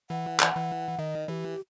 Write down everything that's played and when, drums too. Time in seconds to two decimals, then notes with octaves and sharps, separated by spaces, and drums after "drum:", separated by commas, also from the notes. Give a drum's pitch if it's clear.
0.10 E3 F#5
0.40 drum: clap
0.55 E3
0.99 D#3 D#5
1.28 E3 G4